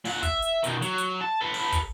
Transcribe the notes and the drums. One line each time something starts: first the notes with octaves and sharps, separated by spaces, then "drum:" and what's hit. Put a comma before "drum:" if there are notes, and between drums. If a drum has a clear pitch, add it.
A#2 F#5, drum: open hi-hat
E5, drum: kick, hi-hat
drum: hi-hat
B2 D#3, drum: hi-hat
F#3, drum: hi-hat
drum: hi-hat
A5
A4 B4
drum: open hi-hat
drum: kick, hi-hat